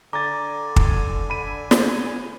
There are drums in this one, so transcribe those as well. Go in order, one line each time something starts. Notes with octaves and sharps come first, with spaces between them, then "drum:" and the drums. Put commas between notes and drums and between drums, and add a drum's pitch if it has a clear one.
D3 G#5 A#5 D6 A6
drum: kick
B5 D#7
drum: snare